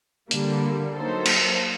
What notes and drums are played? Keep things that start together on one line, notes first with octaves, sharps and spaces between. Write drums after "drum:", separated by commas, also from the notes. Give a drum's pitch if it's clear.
D3 G3 A#3, drum: hi-hat
F#3 A#3 D#4 A4 C5
drum: cymbal